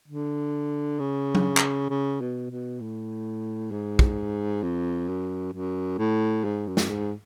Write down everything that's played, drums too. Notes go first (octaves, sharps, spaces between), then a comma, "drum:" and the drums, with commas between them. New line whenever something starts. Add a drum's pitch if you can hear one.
D3
C#3
drum: tom F#3
drum: clap
C#3
B2
B2
A2
G#2
drum: kick
F2
F#2
F#2
A2
G#2
F#2
drum: snare
G#2